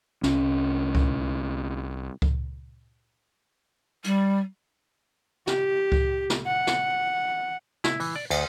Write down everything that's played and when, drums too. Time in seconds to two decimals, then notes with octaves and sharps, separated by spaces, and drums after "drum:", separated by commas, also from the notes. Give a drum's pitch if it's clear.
0.23 C2 C#4, drum: snare
0.95 drum: kick C#2
2.22 drum: kick C#2
4.04 G3, drum: hi-hat
5.47 G4, drum: snare
5.92 drum: kick C#2
6.30 drum: snare
6.47 F#5
6.67 drum: snare
7.84 E4, drum: snare
8.00 E3, drum: open hi-hat
8.16 D5
8.30 D2, drum: cymbal